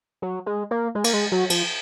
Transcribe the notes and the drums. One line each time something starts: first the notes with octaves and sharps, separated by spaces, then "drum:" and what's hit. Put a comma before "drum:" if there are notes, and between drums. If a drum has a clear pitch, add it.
F#3
G#3
A#3
G#3
A#3, drum: cymbal
G#3
F#3
F3, drum: cymbal